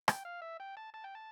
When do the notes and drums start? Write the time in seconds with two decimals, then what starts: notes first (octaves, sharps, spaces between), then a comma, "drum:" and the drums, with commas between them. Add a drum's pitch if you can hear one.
0.08 G5, drum: rim click
0.25 F5
0.42 E5
0.60 G5
0.77 A5
0.94 A5
1.04 G5
1.15 A5